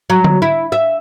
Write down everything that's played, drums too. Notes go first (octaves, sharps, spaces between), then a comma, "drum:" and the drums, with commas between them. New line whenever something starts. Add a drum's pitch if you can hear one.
F#3
drum: tom D3
E4
E5